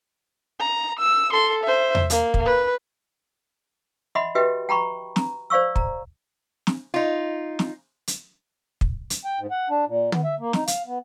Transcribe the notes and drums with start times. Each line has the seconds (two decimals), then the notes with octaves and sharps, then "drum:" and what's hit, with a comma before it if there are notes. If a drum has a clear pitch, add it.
0.60 A#5
1.00 E6
1.32 A4 C6
1.64 C5 E5
1.95 drum: tom E2
2.10 A#3, drum: hi-hat
2.34 drum: kick
2.45 B4
4.15 D#5 E5 F#5 B5 C6
4.35 F#4 G4 B4 D#5 E5 G5
4.69 G5 A#5 B5 C#6
5.16 A#5, drum: snare
5.50 C5 D5 F5 C#6 E6
5.76 A#5, drum: kick
6.67 drum: snare
6.94 D#4 F4
7.59 drum: snare
8.07 drum: hi-hat
8.81 drum: kick
9.10 drum: hi-hat
9.25 G5
9.39 G#2
9.51 F#5
9.70 D4
9.86 A#2
10.12 B3, drum: tom
10.24 E5
10.39 A#3
10.53 D#4, drum: snare
10.67 F5, drum: hi-hat
10.86 B3